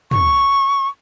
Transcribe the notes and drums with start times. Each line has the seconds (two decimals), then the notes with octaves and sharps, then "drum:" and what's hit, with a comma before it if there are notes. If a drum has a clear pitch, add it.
0.11 C#6, drum: tom